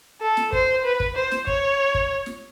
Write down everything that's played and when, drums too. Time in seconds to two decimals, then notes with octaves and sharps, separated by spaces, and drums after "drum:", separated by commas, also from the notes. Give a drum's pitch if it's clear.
0.21 A4
0.37 drum: snare
0.53 C5, drum: kick
0.84 B4
1.00 drum: kick
1.16 C5
1.31 drum: snare
1.47 C#5, drum: kick
1.95 drum: kick
2.26 drum: snare